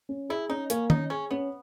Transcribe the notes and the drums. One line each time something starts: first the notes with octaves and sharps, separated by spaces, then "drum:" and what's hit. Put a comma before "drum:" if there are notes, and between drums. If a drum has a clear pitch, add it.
C#4
E4 G#4
C#4 D#4
A#3 C#4, drum: hi-hat
C#4 D#4, drum: tom D#3
C#4 G#4
B3 C#4